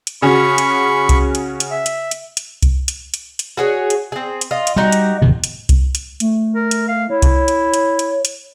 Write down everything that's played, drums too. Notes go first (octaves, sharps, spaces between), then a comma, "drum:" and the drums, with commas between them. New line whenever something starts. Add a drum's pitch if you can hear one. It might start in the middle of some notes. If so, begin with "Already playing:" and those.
drum: hi-hat
C#3 C#4 F#4 B5 C#6
drum: hi-hat
drum: kick C2, hi-hat
drum: hi-hat
drum: hi-hat
E5
drum: hi-hat
drum: hi-hat
drum: hi-hat
drum: kick C2, hi-hat
drum: hi-hat
drum: hi-hat
drum: hi-hat
F#4 G#4 C#5
drum: hi-hat
C4 G#4
drum: hi-hat
F4 D#5
drum: hi-hat
G3 D#4 F#4 G4
drum: hi-hat
D1 E2 C3
drum: hi-hat
drum: kick C2, hi-hat
drum: hi-hat
A3, drum: hi-hat
A#4
drum: hi-hat
F5
E4 C#5
drum: kick C2, hi-hat
drum: hi-hat
drum: hi-hat
drum: hi-hat
drum: hi-hat